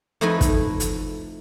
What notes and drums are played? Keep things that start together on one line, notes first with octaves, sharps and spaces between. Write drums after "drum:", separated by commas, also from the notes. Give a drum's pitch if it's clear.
F2 A3 D#4 E4 B4 G#5
drum: kick, hi-hat
drum: hi-hat